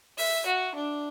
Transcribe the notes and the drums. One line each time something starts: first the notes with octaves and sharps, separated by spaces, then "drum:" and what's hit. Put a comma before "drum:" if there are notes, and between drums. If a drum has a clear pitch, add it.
E5, drum: open hi-hat
F#4
D4